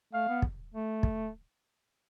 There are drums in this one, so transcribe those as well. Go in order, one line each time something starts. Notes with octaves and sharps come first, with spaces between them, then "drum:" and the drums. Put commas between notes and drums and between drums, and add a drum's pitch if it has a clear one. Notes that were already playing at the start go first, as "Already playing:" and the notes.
A3 F5
B3
drum: kick
A3
drum: kick